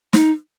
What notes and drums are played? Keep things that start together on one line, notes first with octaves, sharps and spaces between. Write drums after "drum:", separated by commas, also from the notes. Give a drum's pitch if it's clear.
D#4, drum: snare